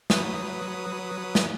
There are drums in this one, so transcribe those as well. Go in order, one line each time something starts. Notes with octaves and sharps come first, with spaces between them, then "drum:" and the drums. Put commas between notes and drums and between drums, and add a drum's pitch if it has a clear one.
F#3 B4 D#6, drum: snare
drum: snare